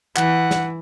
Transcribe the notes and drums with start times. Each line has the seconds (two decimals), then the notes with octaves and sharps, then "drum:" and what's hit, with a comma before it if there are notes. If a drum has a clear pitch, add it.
0.16 E3 F#5, drum: clap
0.51 drum: snare